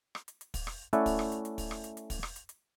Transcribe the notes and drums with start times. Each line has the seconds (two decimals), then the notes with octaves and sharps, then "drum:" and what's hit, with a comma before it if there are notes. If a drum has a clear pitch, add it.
0.15 drum: rim click
0.28 drum: hi-hat
0.41 drum: hi-hat
0.54 drum: kick, open hi-hat
0.67 drum: rim click
0.93 A3 C#4 E4 D5 F#5, drum: hi-hat
1.06 drum: kick, open hi-hat
1.19 drum: rim click
1.32 drum: hi-hat
1.45 drum: hi-hat
1.58 drum: kick, open hi-hat
1.71 drum: rim click
1.84 drum: hi-hat
1.97 drum: hi-hat
2.10 drum: kick, open hi-hat
2.23 drum: rim click
2.36 drum: hi-hat
2.49 drum: hi-hat